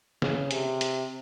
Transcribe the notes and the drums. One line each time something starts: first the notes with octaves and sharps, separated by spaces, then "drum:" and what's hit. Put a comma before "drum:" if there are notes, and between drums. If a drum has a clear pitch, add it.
C#3, drum: snare
C3, drum: hi-hat
drum: hi-hat